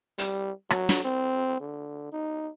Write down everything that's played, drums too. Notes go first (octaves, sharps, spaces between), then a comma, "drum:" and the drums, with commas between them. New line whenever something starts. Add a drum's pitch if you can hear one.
G3, drum: hi-hat
F#3, drum: rim click
drum: snare
C4
D3
D#4